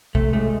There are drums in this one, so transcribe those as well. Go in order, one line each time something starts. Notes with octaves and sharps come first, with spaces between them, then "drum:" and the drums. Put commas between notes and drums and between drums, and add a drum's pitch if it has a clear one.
C3 A3, drum: kick B1
G#3 A3